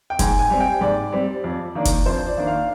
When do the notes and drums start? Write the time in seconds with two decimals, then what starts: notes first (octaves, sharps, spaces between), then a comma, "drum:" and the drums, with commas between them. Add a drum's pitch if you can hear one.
0.10 G5
0.19 G#2 G#5, drum: kick F1, hi-hat
0.39 G#5
0.50 G3 C4
0.60 G5
0.81 G#2 D5
1.12 G3 C4
1.44 F2
1.75 D#3 A#3 D4
1.85 drum: kick F1, hi-hat
2.06 F2 C5
2.27 D5
2.37 D#3 A#3 D4
2.47 F5